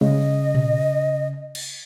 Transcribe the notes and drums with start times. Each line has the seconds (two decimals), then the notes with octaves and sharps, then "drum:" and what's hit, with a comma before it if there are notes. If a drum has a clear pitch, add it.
0.01 C#3 D#5, drum: tom G3
0.55 drum: tom A#2
1.55 drum: cymbal